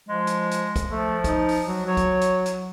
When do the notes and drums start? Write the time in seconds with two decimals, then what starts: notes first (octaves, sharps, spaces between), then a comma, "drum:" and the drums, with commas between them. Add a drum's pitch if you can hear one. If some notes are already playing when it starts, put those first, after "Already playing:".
0.08 F3 G#3
0.27 drum: hi-hat
0.51 drum: hi-hat
0.76 drum: kick, hi-hat
0.92 F3 A3
1.24 D#4, drum: kick, hi-hat
1.49 drum: open hi-hat
1.66 F#3
1.86 F#3 C#5
1.97 drum: kick, hi-hat
2.21 drum: hi-hat
2.46 drum: hi-hat